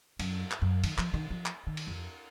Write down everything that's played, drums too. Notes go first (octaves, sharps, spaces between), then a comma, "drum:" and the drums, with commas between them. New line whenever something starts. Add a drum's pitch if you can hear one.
F#2, drum: cymbal
drum: clap
F#2
D#3, drum: cymbal
F3, drum: clap
D#3
F3
drum: clap
D#3
drum: cymbal
F2